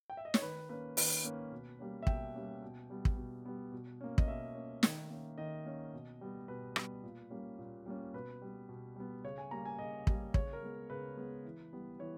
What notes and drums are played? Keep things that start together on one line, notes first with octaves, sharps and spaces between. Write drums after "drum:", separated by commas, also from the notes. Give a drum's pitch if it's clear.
G5
E5
D#5
C#5, drum: snare
D#3 B4
A#3 C#4 B4
D#3 B4, drum: open hi-hat
A#3 C#4
B2
G3 A#3 C#4
E5
B2 G5, drum: kick
G3 A#3 C#4
B2
G3 B3
drum: kick
B2
G3 B3
B2
A#3 C#4
D#5, drum: kick
B2 E5
A#3 C#4
D#3, drum: snare
A#3 C#4
D#3 D#5
A#3 C#4
B2
G3 B3
B2 B4
G3 B3, drum: rim click
A#2
G3 A#3 C#4
A#2
G3 A#3 C#4
B2 B4
G3 B3
B2
G3 B3
C#3 C#5
G#5
G3 A#3 A#5
G#5
C#3 D#5
G3 A#3, drum: kick
C#3 C#5, drum: kick
A#4
G#3 B3
C#3 B4
G#3 B3
E3
G3 B3
E3 C#5